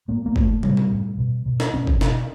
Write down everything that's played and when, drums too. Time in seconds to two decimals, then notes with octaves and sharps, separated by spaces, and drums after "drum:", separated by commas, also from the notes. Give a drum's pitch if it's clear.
0.08 A2 A#3
0.26 A#3
0.36 A2 A3, drum: kick F#1
0.63 A2 G3, drum: tom
0.77 drum: tom A#2
0.92 A2
1.18 B2
1.46 B2
1.60 drum: snare
1.74 B2 C#4
1.87 drum: kick F#1
2.01 B2, drum: snare